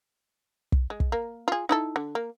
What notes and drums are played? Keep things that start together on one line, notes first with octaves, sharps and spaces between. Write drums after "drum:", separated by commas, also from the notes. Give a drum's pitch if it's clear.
drum: kick
G#3
drum: kick
A#3
F4 G#4
D#4 E4 A4
D3
A#3